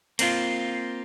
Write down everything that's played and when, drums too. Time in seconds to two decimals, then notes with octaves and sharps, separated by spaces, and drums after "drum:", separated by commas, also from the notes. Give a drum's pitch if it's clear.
0.19 A#3 C4 D4 F4, drum: cymbal